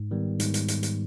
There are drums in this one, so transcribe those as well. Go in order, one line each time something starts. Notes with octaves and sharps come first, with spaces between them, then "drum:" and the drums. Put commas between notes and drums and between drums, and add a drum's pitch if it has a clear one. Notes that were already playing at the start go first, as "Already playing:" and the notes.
Already playing: G#2
D#3 G3 B3
G#2, drum: hi-hat
drum: hi-hat
drum: hi-hat
drum: hi-hat